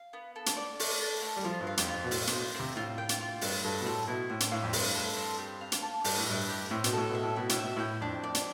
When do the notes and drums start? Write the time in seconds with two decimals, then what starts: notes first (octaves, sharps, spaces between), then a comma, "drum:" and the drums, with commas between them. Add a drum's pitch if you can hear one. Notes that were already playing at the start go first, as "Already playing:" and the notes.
Already playing: F5
0.13 B3
0.36 A4
0.46 drum: hi-hat
0.57 D5
0.80 A3, drum: open hi-hat
1.01 A4
1.22 A3
1.36 G3
1.44 F3 F4
1.61 G2
1.67 F5
1.77 F2, drum: hi-hat
1.88 F4
1.94 F2
2.04 B2
2.11 A2 C4, drum: open hi-hat
2.27 B2 C5, drum: hi-hat
2.54 C4
2.60 C3
2.76 A2 F4
2.98 G5
3.09 drum: hi-hat
3.21 F4
3.41 G2 C4, drum: open hi-hat
3.64 G2 A4
3.81 B2
3.85 A2 C4
4.07 B2 E4
4.29 A2 C5
4.40 drum: hi-hat
4.51 A2 F5
4.63 F2
4.73 G2 C4, drum: open hi-hat
4.95 A4
5.17 C4
5.38 G4
5.61 F5
5.72 drum: hi-hat
5.82 A5
6.04 G2 G4, drum: open hi-hat
6.18 A2
6.27 G2 E5
6.49 G4
6.70 A2 C4
6.84 B2, drum: hi-hat
6.93 A2 A4
7.10 B2
7.15 E5
7.23 A2
7.36 B2 E4
7.49 A2, drum: hi-hat
7.58 B2 E5
7.77 A2 G5
8.01 F2 D4
8.24 D5
8.35 drum: hi-hat